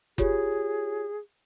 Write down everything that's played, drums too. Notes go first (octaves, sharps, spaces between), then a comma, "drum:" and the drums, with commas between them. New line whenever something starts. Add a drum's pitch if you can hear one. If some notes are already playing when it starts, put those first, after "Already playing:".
F4 G4 G#4 C#5, drum: kick F#1